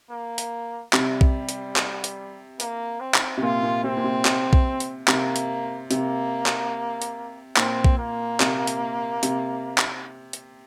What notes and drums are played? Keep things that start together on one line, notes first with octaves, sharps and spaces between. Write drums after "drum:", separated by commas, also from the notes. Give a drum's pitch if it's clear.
A#3
drum: hi-hat
C3 G3, drum: clap
drum: kick B1
drum: hi-hat
drum: clap
drum: hi-hat
A#3, drum: hi-hat
C4
drum: clap
C3
A#2 F4
A#2
C3 C4
A#2
C3
C3, drum: clap
drum: kick B1
drum: hi-hat
C3 A#3, drum: clap
drum: hi-hat
C3 A#3, drum: hi-hat
drum: clap
drum: hi-hat
A#2 C4, drum: clap
drum: kick B1
A#3
C3, drum: clap
drum: hi-hat
C3, drum: hi-hat
drum: clap
drum: hi-hat